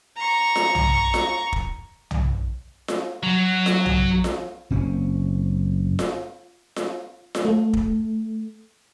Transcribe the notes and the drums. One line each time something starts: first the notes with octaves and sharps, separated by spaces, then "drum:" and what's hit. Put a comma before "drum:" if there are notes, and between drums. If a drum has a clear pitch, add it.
A#5 C#6
drum: snare F4
drum: tom
drum: snare F4
drum: kick
drum: tom
drum: snare F4
F#3
drum: snare F4
drum: tom
drum: snare F4
F#1 C4 C#4
drum: snare F4
drum: snare F4
drum: snare F4
A3
drum: kick